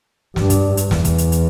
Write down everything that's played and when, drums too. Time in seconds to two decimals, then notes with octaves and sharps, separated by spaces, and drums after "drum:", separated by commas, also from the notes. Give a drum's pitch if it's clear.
0.36 G2, drum: snare
0.50 drum: kick, hi-hat
0.77 drum: hi-hat
0.91 E2, drum: snare
1.05 drum: kick, hi-hat
1.18 drum: hi-hat
1.32 drum: hi-hat